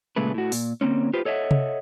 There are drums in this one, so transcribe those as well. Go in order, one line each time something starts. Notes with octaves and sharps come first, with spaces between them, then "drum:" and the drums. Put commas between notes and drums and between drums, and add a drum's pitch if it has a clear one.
A#2 C#3 G#3 A3 B4
A2 F#4
A#2, drum: open hi-hat
D3 A#3 C4 C#4
F4 G4 B4 C5
A4 C#5 D#5 E5 F#5
drum: tom C3